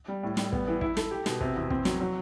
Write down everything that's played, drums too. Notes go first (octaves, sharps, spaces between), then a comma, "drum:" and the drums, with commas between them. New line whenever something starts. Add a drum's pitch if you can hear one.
G3
A2
G3, drum: snare
B3, drum: kick
E3
E4, drum: kick
A4, drum: snare
G4
B2, drum: snare
C3, drum: kick
E2
C4, drum: kick
F#3, drum: snare
F#3